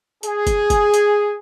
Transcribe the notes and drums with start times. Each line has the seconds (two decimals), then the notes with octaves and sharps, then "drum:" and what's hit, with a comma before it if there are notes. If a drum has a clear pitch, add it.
0.23 G#4, drum: hi-hat
0.47 drum: kick F#1, hi-hat
0.70 drum: kick F#1, hi-hat
0.94 drum: hi-hat